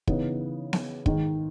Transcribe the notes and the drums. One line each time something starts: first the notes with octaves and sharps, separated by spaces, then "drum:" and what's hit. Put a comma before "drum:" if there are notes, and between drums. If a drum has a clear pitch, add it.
C#3 E3 B3 D#4, drum: kick
drum: snare B3
G#2 D#3 G#3 D#4, drum: kick